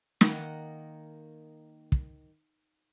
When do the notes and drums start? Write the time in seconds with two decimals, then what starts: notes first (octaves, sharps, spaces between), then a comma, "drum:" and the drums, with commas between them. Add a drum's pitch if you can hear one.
0.21 D#3 A#3 D#5 F#5, drum: snare
1.92 drum: kick